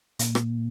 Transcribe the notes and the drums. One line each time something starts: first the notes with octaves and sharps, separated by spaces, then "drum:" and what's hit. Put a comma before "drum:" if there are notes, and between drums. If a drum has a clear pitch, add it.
A#2, drum: hi-hat
drum: rim click